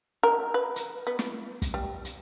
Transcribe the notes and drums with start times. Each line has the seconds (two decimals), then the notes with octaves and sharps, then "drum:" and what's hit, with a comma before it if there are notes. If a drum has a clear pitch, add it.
0.23 A#4
0.54 B4
0.76 drum: hi-hat
1.07 B3
1.19 drum: snare
1.62 drum: kick, hi-hat
1.74 G3
2.05 drum: hi-hat